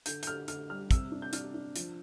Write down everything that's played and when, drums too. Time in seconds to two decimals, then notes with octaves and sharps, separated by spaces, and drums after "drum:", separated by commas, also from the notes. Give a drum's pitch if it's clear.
0.06 D3 G6, drum: hi-hat
0.23 G6, drum: hi-hat
0.27 D3 F6
0.48 D3 F6, drum: hi-hat
0.69 G3 F6
0.91 C3 E6, drum: kick, hi-hat
1.12 D4
1.22 G6
1.33 D4 F6, drum: hi-hat
1.54 D4
1.76 F3, drum: hi-hat